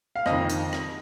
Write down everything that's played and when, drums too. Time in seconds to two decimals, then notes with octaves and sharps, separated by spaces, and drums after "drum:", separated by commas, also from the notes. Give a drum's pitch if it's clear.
0.15 F5
0.26 F2 D#5, drum: rim click
0.31 D#3
0.50 drum: hi-hat
0.73 drum: rim click